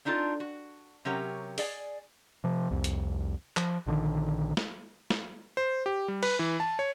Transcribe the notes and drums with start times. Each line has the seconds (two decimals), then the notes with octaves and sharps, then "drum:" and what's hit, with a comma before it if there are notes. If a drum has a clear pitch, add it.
0.05 C4 D4 D#4 F4 A4
0.40 F#4
1.05 C3 F#3 C#4 G4 A#4 C#5
1.58 G#4 D5 G#5, drum: open hi-hat
2.44 C3 F3
2.71 C2 F2
2.84 drum: hi-hat
3.57 F3, drum: clap
3.86 A#1 D3 D#3
4.57 drum: snare
5.10 drum: snare
5.57 C5
5.86 G4
6.08 G3
6.23 B4, drum: cymbal
6.39 E3
6.60 A5
6.79 C#5